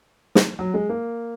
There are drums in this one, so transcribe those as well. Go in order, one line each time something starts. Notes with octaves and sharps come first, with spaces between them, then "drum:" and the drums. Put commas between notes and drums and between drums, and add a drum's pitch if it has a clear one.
drum: snare
F#3
G#3
A#3